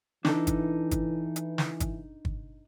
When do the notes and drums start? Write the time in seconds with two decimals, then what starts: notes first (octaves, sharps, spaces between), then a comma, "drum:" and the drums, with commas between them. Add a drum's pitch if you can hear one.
0.25 E3 D4 D#4 A4, drum: snare
0.47 drum: kick, hi-hat
0.91 drum: kick, hi-hat
1.36 drum: hi-hat
1.58 drum: snare
1.80 drum: kick, hi-hat
2.25 drum: kick